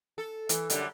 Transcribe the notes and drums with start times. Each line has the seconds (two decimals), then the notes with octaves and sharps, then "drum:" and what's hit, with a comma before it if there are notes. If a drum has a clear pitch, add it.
0.18 A4
0.49 E3, drum: hi-hat
0.70 F#2 D3 G3, drum: hi-hat